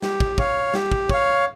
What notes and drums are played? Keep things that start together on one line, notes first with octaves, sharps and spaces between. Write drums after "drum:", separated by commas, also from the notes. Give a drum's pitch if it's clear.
G4, drum: snare
drum: kick
C#5 F5, drum: kick
G4, drum: snare
drum: kick
C#5 F5, drum: kick